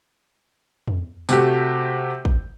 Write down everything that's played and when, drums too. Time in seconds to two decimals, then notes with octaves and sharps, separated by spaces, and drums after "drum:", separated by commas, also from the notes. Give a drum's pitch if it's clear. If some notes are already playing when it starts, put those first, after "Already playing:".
0.88 drum: tom
1.29 C3 A3 F#4 G4, drum: tambourine
2.25 drum: kick